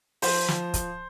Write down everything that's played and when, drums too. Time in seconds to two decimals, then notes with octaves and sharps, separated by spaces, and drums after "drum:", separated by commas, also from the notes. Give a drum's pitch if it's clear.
0.22 F3 C5, drum: open hi-hat
0.48 F3, drum: snare
0.74 drum: kick, hi-hat